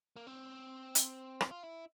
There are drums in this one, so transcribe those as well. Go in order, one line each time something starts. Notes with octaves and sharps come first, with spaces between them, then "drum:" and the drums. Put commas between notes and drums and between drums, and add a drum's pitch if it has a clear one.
A#3
C4
drum: hi-hat
drum: rim click
F4
E4